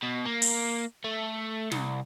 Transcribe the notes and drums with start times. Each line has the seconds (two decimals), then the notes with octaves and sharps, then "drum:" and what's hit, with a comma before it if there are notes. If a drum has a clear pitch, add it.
0.03 B2
0.26 A#3
0.42 drum: open hi-hat
1.04 A3
1.71 C2, drum: snare